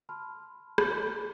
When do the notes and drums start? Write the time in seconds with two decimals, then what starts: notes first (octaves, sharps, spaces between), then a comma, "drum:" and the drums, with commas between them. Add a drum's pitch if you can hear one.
0.09 A5 B5 C6 F6
0.78 drum: rim click